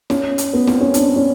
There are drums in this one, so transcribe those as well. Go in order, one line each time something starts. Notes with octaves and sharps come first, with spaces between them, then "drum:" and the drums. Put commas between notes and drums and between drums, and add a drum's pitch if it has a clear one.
C#4, drum: snare
drum: hi-hat
B3
C4, drum: snare
C#4
D4, drum: hi-hat
C#4